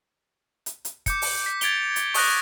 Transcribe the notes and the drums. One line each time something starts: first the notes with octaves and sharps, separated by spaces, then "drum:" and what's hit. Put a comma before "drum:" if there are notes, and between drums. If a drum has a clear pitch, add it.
drum: hi-hat
drum: hi-hat
D6 G6 C#7, drum: kick, hi-hat
drum: open hi-hat
B6
G#6 A6 D7 F7 G7, drum: hi-hat
drum: hi-hat
C#6 D#6 F#6 A#6, drum: open hi-hat